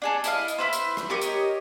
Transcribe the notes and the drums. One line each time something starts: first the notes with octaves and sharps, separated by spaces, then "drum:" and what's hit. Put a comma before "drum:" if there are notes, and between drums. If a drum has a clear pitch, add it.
D4 G#4 A4
E4 D#5 F5, drum: hi-hat
drum: hi-hat
E4 B4 C5
drum: hi-hat
drum: rim click
G4 A#4 C#5 D#5
drum: hi-hat